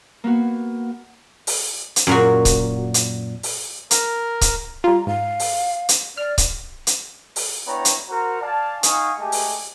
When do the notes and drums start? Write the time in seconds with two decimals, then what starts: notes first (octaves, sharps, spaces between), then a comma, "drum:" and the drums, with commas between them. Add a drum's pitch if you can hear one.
0.24 A#3 B3 F#4
1.47 drum: open hi-hat
1.96 drum: hi-hat
2.07 F#2 A#2 F#4
2.45 drum: kick C#1, hi-hat
2.94 drum: hi-hat
3.43 drum: open hi-hat
3.91 A#4, drum: hi-hat
4.41 drum: kick C#1, hi-hat
4.84 G3 F4 A#5
5.07 G#2 F5
5.40 drum: open hi-hat
5.89 drum: hi-hat
6.17 D5 F6
6.38 drum: kick C#1, hi-hat
6.87 drum: hi-hat
7.36 drum: open hi-hat
7.67 B3 D4 E4 C#5 G5 A#5
7.85 drum: hi-hat
8.10 F#4 A#4 C5 A#5
8.42 D5 F5 G#5 A5
8.83 D#4 F5 F#5 G#5 C#6 D#6, drum: hi-hat
9.19 G#3 A3 G4 G#5 A5
9.32 drum: open hi-hat